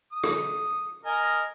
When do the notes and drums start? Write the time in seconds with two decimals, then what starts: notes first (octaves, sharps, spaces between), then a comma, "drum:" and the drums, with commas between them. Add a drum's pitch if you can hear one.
0.12 D#6
0.24 drum: rim click
1.05 A#4 D#5 G#5